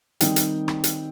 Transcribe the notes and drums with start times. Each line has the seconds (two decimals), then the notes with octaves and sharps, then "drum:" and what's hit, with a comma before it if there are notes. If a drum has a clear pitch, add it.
0.21 D#3 G3 C4 D#4 G5, drum: hi-hat
0.36 drum: hi-hat
0.68 drum: rim click
0.84 drum: hi-hat